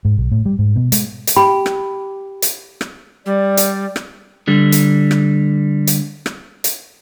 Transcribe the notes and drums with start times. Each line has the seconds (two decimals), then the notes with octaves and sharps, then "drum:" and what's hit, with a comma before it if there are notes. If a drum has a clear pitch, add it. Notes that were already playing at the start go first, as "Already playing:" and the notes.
0.05 G#2
0.18 B1
0.32 A2
0.46 G3
0.59 G#2
0.76 B2
0.92 G#3, drum: hi-hat
1.27 drum: hi-hat
1.36 G4 B5
1.66 drum: rim click
2.42 drum: hi-hat
2.81 drum: rim click
3.26 G3 D5
3.57 drum: hi-hat
3.96 drum: rim click
4.47 D3 G3
4.72 drum: hi-hat
5.11 drum: rim click
5.87 drum: hi-hat
6.26 drum: rim click
6.64 drum: hi-hat